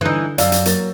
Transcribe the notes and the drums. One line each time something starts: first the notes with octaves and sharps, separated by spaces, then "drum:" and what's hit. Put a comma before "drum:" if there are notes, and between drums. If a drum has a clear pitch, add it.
D3 E3 D#4 G6
F#2 D5 F5 E6, drum: hi-hat
drum: hi-hat
F#3 A#3 A6, drum: hi-hat